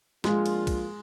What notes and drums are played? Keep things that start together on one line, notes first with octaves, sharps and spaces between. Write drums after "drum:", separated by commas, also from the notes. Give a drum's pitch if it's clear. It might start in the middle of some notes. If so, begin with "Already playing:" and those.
F3 G#3 A#3 D4 F4, drum: snare
drum: cymbal
drum: kick, cymbal